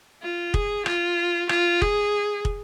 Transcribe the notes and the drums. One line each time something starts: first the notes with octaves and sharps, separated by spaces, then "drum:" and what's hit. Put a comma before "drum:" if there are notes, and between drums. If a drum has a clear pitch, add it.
F4
G#4, drum: kick
F4, drum: rim click
F4, drum: rim click
G#4, drum: kick
drum: kick